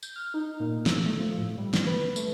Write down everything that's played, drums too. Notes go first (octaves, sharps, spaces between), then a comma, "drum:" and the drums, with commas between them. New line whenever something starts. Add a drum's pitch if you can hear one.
G6, drum: tambourine
F6
D#4
A#2
E6, drum: snare
A3
F3
A2
G3
drum: snare
B4
A3, drum: tambourine